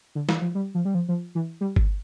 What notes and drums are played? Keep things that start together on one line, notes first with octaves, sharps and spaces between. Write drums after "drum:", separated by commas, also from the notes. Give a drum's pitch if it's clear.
D3
E3, drum: snare
F3
G3
F3
G3
F3
F3
E3
G3
drum: kick G1